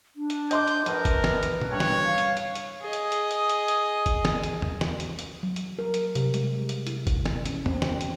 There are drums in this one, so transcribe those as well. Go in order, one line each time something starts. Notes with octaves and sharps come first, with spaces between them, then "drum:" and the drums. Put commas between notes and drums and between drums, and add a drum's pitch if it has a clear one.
D4
drum: hi-hat
D#5 C6 D6 G6, drum: hi-hat
drum: hi-hat
A#1 A#4 B4, drum: hi-hat
drum: kick G1, hi-hat
drum: snare
drum: hi-hat
drum: tom
G2 C#5 F#6
drum: snare
F5
drum: hi-hat
drum: hi-hat
drum: hi-hat
G#4 D#5
drum: hi-hat
drum: hi-hat
drum: hi-hat
drum: hi-hat
drum: hi-hat
drum: kick G1, hi-hat
drum: snare
drum: hi-hat
drum: tom E2
drum: snare
drum: hi-hat
drum: hi-hat
F#3
drum: hi-hat
A#4
drum: hi-hat
C3, drum: hi-hat
G#3, drum: hi-hat
drum: hi-hat
E4, drum: hi-hat
drum: kick G1, hi-hat
drum: snare
C#4, drum: hi-hat
C4, drum: tom E2
drum: snare
drum: hi-hat